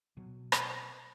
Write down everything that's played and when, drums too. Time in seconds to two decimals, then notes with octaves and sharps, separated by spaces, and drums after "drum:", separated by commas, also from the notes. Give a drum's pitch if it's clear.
0.17 B2 F#3
0.52 drum: rim click